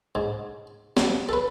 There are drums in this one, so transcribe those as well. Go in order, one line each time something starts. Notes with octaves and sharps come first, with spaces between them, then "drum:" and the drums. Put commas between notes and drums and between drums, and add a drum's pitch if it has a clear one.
G#2
F#3, drum: snare
A4 B4